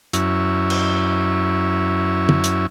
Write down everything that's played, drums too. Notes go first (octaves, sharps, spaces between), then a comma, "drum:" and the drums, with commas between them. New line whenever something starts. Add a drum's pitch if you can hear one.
F#2 C#4 E4, drum: hi-hat
drum: cymbal
drum: tom
drum: hi-hat